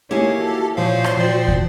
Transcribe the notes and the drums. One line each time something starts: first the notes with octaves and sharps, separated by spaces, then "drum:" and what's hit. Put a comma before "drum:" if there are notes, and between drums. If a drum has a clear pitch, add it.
A#3 D#4 E4 G4 G#4 C#5
F#4 A4
A#2 F3 C5 C#5 F5
drum: rim click
A#2 F3 F#4 D5 G5
drum: kick